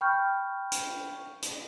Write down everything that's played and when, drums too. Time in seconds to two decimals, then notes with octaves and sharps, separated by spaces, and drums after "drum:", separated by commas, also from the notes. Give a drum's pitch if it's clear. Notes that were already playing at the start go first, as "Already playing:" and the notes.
0.01 G5 B5 C#6 F6 G6
0.72 drum: hi-hat
1.42 drum: hi-hat